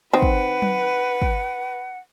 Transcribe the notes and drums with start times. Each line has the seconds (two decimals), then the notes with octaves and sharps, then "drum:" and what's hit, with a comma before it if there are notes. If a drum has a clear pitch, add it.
0.13 D#3 C4 B4 F#5
0.22 drum: kick
0.62 drum: tom F#3
1.22 drum: kick